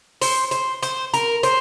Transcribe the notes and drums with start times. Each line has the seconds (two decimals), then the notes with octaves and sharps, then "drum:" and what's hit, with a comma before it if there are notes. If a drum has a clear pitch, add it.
0.22 C5, drum: open hi-hat
0.51 C5, drum: hi-hat
0.83 C5, drum: hi-hat
1.14 A#4, drum: hi-hat
1.43 C5, drum: hi-hat